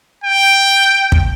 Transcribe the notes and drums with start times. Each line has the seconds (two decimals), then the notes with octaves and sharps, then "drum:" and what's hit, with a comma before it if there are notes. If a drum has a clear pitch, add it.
0.24 G5
1.12 drum: kick